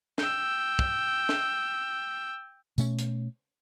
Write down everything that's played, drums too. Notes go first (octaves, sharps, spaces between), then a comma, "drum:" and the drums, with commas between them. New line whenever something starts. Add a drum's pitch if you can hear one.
G5 E6, drum: snare
drum: kick
drum: snare
B2 A3 C#4, drum: tambourine
drum: hi-hat